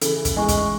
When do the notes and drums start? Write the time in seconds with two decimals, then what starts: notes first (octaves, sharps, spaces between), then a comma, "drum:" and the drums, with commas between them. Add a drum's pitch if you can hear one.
0.02 C#3 E3 A4, drum: hi-hat
0.25 drum: kick, hi-hat
0.36 E3 G#3 D#5 G#5 C#6
0.49 drum: kick, hi-hat